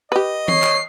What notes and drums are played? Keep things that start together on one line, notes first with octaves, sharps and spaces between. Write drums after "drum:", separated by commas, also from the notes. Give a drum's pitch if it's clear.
G4 B4 D#5
C#5 C7, drum: tom E3
drum: clap